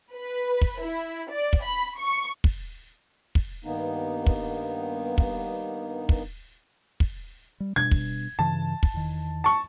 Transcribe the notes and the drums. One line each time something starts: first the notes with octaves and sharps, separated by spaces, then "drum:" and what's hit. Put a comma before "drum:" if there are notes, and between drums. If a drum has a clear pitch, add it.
B4
drum: kick
E4
D5
drum: kick
B5
C#6
drum: kick
drum: kick
G2 D#3 A#3 B3 D#4
drum: kick
drum: kick
drum: kick
drum: kick
G3
B2 G3 D4 G#6
drum: kick
G2 C#3 E3 A5
drum: kick
E2 D#3
A5 C#6